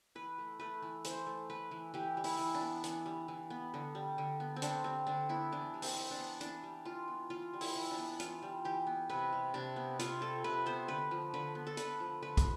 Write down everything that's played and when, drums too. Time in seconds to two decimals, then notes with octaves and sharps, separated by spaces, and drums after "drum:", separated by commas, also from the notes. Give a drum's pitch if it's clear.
0.15 E3 B4
0.38 A3
0.60 A3 B4
0.82 E3
1.04 E3 C5, drum: hi-hat
1.27 A3
1.50 A3 B4
1.71 E3
1.94 E3 G4
2.17 G3
2.24 E4, drum: open hi-hat
2.39 E3
2.54 D4
2.61 B3
2.84 E3, drum: hi-hat
3.06 G3
3.28 E3
3.50 B3
3.74 D3
3.95 G3
4.18 D3
4.40 B3
4.56 C4
4.62 D3 D4, drum: hi-hat
4.84 G3 C4
5.07 D3 D4
5.29 B3 E4
5.52 E3 D4
5.74 G3
5.82 C4, drum: open hi-hat
5.96 E3
6.11 D4
6.18 B3
6.41 E3 D4, drum: hi-hat
6.63 G3
6.85 E3 F4
7.08 B3
7.30 E3 F4
7.53 G3
7.61 E4, drum: open hi-hat
7.76 E3
7.91 D4
7.98 B3
8.20 E3 F4, drum: hi-hat
8.43 G3
8.65 E3 G4
8.87 B3
9.10 C3 B4
9.33 G3
9.54 C3 D4
9.76 B3
9.99 C3 F4, drum: hi-hat
10.21 G3 A4
10.44 C3 B4
10.66 B3 C5
10.88 D3 B4
11.11 F3
11.34 D3 B4
11.55 B3
11.67 A4
11.77 D3 B4, drum: hi-hat
12.00 F3
12.22 D3 B4
12.37 drum: kick, hi-hat